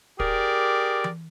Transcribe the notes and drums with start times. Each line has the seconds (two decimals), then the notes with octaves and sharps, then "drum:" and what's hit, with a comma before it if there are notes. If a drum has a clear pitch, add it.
0.20 G4 G#4 A#4 D5, drum: kick
1.04 drum: tom E3